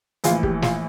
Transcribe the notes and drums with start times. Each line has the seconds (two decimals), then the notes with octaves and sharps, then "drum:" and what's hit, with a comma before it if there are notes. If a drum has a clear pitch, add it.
0.24 A#1 A2 E3 F4, drum: hi-hat
0.43 G4, drum: kick
0.62 F4, drum: snare